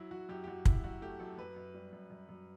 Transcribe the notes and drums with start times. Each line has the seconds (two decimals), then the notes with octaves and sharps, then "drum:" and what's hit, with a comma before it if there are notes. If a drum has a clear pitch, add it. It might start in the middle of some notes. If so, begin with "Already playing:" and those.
Already playing: F#3 E4
0.11 F#3 F#4
0.29 F#2 G4
0.44 G4
0.47 F#2 F#4
0.65 F#2 E4, drum: kick
0.84 F#2 F#4
1.02 A3 G4
1.20 F#2 A4
1.38 F#2 B4
1.56 F#2
1.74 G3
1.93 F#2
2.11 F#2
2.29 F#2